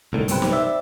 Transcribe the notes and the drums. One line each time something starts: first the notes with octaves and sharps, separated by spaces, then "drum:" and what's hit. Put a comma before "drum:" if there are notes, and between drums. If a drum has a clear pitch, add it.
C2 A2 D3 D#3
B1 G2 C3 C4 B4, drum: hi-hat
drum: snare
C4 D5 E5